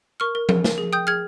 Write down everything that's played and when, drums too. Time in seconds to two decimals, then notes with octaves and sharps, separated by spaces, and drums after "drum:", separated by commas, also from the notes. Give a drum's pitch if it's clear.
0.20 A#4 C#6 F6
0.35 A#4
0.49 A#4, drum: tom F3
0.64 A#4, drum: snare
0.78 G#4
0.92 G5 D#6 G6
1.07 G#4 F6 G#6